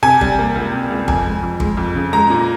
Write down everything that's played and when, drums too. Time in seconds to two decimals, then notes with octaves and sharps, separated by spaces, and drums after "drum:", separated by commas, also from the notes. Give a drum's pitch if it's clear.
0.03 C3 G#5
0.21 G3, drum: kick G1
0.39 A#3
0.55 C#2
0.73 C3
0.90 C#2
1.08 F2 G#5, drum: kick G1
1.25 G#3
1.43 F2
1.60 G#3, drum: kick G1
1.77 F2
1.95 C#3
2.13 G#3 A#5
2.30 A#2